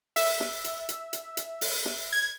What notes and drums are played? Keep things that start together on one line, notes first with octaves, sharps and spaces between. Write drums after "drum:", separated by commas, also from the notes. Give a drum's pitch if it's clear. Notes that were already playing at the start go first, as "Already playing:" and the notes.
E5, drum: open hi-hat
drum: snare
drum: hi-hat
drum: hi-hat
drum: hi-hat
drum: hi-hat
drum: open hi-hat
drum: snare
G#6